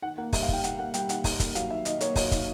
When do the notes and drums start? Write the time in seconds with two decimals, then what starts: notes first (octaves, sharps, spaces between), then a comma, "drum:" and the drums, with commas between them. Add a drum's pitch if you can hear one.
0.02 D#3 F#5
0.18 A#3 F#5
0.33 G3 E5, drum: kick, open hi-hat
0.43 F5
0.48 D#3 G5, drum: kick
0.64 D#3 F#5, drum: hi-hat
0.79 A#3 F#5
0.94 G3 G5, drum: hi-hat
1.09 D#3 F#5, drum: hi-hat
1.24 D#3, drum: kick, open hi-hat
1.40 A#3, drum: kick, hi-hat
1.55 F#3 F5, drum: hi-hat
1.70 D#3 E5
1.85 D#3 D#5, drum: hi-hat
2.01 A#3 C#5, drum: hi-hat
2.16 F#3 C#5, drum: kick, open hi-hat
2.31 D#3, drum: kick, hi-hat